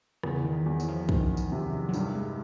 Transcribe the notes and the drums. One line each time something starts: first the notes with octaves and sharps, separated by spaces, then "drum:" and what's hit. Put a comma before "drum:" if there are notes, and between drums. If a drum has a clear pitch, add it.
E2 C#3, drum: rim click
D#3
E2
F#3, drum: tambourine
F3
D#3 F#3, drum: kick
drum: tambourine
C3
F#3
G2 G3, drum: tambourine
G#3